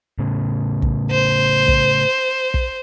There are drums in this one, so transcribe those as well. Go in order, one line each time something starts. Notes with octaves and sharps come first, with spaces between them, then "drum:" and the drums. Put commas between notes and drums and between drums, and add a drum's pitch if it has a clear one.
A2 C#3
drum: kick
C5
drum: kick
drum: kick